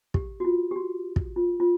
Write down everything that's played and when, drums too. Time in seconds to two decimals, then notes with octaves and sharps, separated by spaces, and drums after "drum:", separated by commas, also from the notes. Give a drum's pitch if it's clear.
0.14 G4, drum: kick
0.40 F#4
0.45 F4
0.71 G4
0.76 F#4
1.16 drum: kick
1.36 F4
1.60 F4